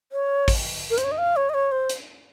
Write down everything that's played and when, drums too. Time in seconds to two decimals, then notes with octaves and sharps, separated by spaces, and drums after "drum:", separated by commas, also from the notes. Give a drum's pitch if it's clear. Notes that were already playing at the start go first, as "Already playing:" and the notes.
0.12 C#5
0.48 drum: kick, open hi-hat
0.90 A#4
0.98 C5, drum: hi-hat
1.04 C#5
1.12 D#5
1.18 F5
1.36 C#5
1.49 D#5
1.54 C#5
1.72 C5
1.89 drum: hi-hat